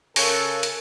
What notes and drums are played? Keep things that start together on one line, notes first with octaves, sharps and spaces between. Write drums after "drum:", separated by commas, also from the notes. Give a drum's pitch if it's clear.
C#3 A4 A#4 G#5 C#6 F#6, drum: open hi-hat
drum: hi-hat